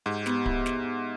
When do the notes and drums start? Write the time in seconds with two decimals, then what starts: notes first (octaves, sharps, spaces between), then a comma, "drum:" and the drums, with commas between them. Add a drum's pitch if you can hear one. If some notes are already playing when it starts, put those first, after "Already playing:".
0.06 G#2 G4
0.26 B3, drum: snare
0.46 E4, drum: kick D1
0.66 drum: snare